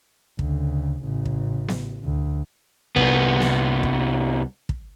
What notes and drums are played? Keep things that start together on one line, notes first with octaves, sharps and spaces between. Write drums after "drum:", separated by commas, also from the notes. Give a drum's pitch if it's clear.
D2 C#3, drum: kick
A1 C#3
drum: kick
drum: snare B3
D2
C2 B3, drum: kick
drum: snare B3
drum: kick
drum: kick